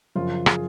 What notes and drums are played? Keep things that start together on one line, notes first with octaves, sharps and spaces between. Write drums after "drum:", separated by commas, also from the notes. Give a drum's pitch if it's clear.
F#2 C#3 F3 F4
G#4, drum: rim click